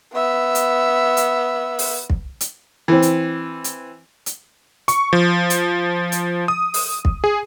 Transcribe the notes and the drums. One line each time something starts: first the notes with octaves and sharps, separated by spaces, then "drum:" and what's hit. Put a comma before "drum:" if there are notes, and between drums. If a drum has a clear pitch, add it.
B3 E5
drum: hi-hat
drum: hi-hat
drum: open hi-hat
drum: kick
drum: hi-hat
E3 C4
drum: hi-hat
drum: hi-hat
drum: hi-hat
C#6, drum: hi-hat
F3
drum: hi-hat
drum: hi-hat
D#6
drum: open hi-hat
drum: kick
G#4